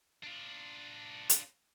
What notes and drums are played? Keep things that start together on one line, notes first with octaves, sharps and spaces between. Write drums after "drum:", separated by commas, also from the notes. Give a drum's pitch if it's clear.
D4 F4
drum: hi-hat